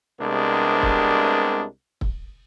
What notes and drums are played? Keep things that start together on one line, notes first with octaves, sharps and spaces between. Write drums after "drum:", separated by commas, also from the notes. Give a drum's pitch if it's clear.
C2 C3 G#3 B3 D4 A#4
drum: kick
drum: kick